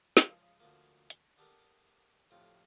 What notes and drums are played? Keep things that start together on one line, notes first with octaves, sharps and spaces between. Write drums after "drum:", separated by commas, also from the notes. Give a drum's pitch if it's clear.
C#3 F3 G#3, drum: snare
D2 F3 A#3
drum: hi-hat
B3 D4 G4 A4 A#4
F2 A2 C3 F4